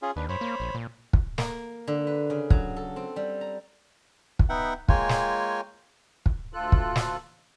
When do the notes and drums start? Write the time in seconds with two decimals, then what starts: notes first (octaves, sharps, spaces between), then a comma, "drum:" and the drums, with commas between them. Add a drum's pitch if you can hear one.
0.02 C#4 F4 G#4
0.16 D#2 D4 B4
0.29 F#2 C5 C#5 B5
0.41 A#3
0.60 A#1
0.75 A#2
1.13 drum: kick
1.38 A#3, drum: snare
1.87 D3
2.07 B4
2.30 C#3
2.50 F#3, drum: kick
2.76 A4
2.96 C4
3.16 G3
3.41 A#5
4.39 drum: kick
4.49 B3 D#4 E5 F#5 G5
4.89 G#3 A#3 F4 C#5 G5 G#5, drum: kick
5.09 drum: snare
6.26 drum: kick
6.53 D2 F4 A4 F#6
6.72 drum: kick
6.96 drum: snare